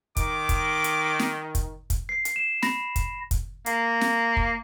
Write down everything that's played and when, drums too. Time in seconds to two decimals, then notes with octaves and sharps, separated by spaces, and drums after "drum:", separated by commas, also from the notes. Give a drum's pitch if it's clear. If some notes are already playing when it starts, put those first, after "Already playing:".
0.17 D#3 D6, drum: kick, hi-hat
0.49 drum: kick, hi-hat
0.84 drum: hi-hat
1.19 drum: snare
1.55 drum: kick, hi-hat
1.90 drum: kick, hi-hat
2.09 C7
2.25 drum: hi-hat
2.36 E7
2.62 B5 A#6, drum: snare
2.96 drum: kick, hi-hat
3.31 drum: kick, hi-hat
3.66 A#3, drum: hi-hat
4.01 drum: snare
4.37 drum: kick